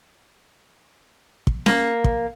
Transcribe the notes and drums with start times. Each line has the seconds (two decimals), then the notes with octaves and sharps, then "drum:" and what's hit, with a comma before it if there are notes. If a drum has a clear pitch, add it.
1.47 drum: kick
1.66 A#3, drum: snare C#4
2.04 drum: kick